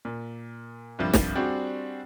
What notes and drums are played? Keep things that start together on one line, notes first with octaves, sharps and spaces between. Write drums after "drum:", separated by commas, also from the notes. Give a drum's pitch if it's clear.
A#2
C2 G2 F3
drum: snare
G3 C4 D4 F#4 G#4 C5